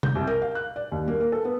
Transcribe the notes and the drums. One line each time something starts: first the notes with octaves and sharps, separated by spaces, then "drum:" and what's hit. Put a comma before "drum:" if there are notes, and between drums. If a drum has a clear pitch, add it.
G6, drum: tom C3
C2
A#4
F5
F#6
D5
D#2
A#3
A#4
A4
B3